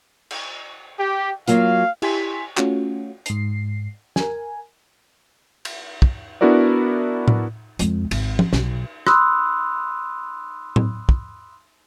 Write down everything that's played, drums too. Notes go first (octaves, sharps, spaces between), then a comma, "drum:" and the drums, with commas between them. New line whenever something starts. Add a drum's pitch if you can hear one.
drum: cymbal
G4
F#3 A#3 F4 F5, drum: hi-hat
E4 G4 G#5 C6 B6, drum: cymbal
A3 C#4 F4 F#4, drum: clap
G#2 C7, drum: hi-hat
A#4 G#5, drum: snare
drum: cymbal
drum: kick
B3 D4 E4 F#4 A#4 D5
drum: tom A2
F2 G#3, drum: hi-hat
G#1, drum: cymbal
drum: tom F3
B1, drum: snare
B5 C6 D#6 E6 F#6, drum: rim click
drum: tom A2
drum: kick